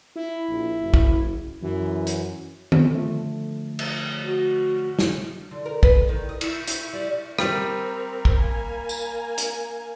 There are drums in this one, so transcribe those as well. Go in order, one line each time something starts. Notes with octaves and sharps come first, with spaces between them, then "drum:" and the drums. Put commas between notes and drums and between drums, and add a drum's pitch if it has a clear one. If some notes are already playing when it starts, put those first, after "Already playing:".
E4
A#1
F#1
drum: kick
F#2 E3
drum: hi-hat
drum: tom
D3 F3 A3
drum: cymbal
F#4
drum: snare
D3
A#4
B4, drum: kick
D#3
D#5
E4, drum: cymbal
E4, drum: hi-hat
G3
G3 C4 A#4, drum: rim click
drum: kick
A#3 G#5
drum: tambourine
drum: hi-hat